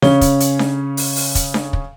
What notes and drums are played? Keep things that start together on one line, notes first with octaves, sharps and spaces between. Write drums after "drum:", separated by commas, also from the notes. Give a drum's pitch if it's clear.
C#3 C#4 G7, drum: snare D4
drum: kick, hi-hat
drum: hi-hat
drum: snare D4
drum: open hi-hat
drum: open hi-hat
drum: kick, hi-hat
drum: snare D4
drum: kick